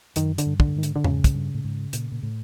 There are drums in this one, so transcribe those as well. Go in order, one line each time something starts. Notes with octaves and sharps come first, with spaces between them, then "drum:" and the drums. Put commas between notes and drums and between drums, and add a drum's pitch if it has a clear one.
F#2 D#3, drum: hi-hat
D3, drum: hi-hat
G2
D3, drum: kick
G2
G#2 D#3
D3, drum: hi-hat
D3
G#2 C#3, drum: tom E2
G#2, drum: kick, hi-hat
G2
A2
G#2
A#2, drum: hi-hat
A#2
A2